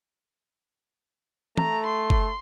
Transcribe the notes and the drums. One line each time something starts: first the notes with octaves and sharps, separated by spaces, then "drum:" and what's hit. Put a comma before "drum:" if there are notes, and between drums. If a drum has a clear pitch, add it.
A3 A#5, drum: tom
C6
drum: kick F#1